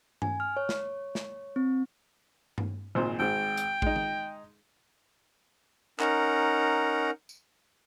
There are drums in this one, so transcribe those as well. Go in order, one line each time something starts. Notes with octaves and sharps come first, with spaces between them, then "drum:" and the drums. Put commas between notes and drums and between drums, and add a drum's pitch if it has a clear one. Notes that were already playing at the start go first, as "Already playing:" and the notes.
G#5, drum: tom G2
F6
C#5
drum: snare
drum: snare
C4
drum: tom G2
G#1 A#2 C5
G#1 G#2 G5
drum: hi-hat
G#3 D#4, drum: kick A1
drum: tom D#3
C#4 D#4 A#4 F#5 A#5, drum: clap
drum: tambourine